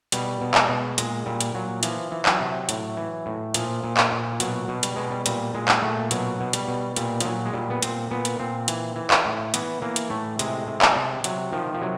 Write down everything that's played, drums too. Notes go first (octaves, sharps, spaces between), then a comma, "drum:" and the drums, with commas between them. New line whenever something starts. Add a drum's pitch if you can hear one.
B2 G3, drum: hi-hat
B2
G#3, drum: clap
B2
A#2 G#3, drum: hi-hat
A#2 G3
drum: hi-hat
A#2 F#3
E3 F3, drum: hi-hat
E3
F#3, drum: clap
C3
A2, drum: hi-hat
E3
A2
A#2 F3, drum: hi-hat
A#2
drum: clap
A#2
B2 F#3, drum: hi-hat
B2
G3, drum: hi-hat
B2 G#3
G3
A#2 G3, drum: hi-hat
A#2 G#3
drum: clap
A#2 A3
B2 F#3, drum: hi-hat
B2
G3, drum: hi-hat
B2
A#2 G3, drum: hi-hat
F3, drum: hi-hat
A#2 F#3
G#3
A#2 G3
B3
A#2 C4, drum: hi-hat
A#2 B3
drum: hi-hat
A#2 C4
E3, drum: hi-hat
E3
drum: clap
A2
E3 B3, drum: hi-hat
E3 A#3
drum: hi-hat
A2 A3
C3 G#3, drum: hi-hat
C3
drum: clap
C3
C3 F#3, drum: hi-hat
D#3 F3
F3
C3 F#3